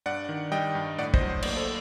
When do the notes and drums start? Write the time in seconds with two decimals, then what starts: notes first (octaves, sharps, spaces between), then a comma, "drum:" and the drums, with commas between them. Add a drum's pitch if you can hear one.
0.06 G2 D5 F#5
0.29 D#3
0.52 G3 D#5 G5
0.75 G2
0.98 A2 D5 F#5
1.14 C5 D#5, drum: kick
1.21 F#3
1.29 C5
1.42 A#3 D5, drum: cymbal
1.57 A4 C5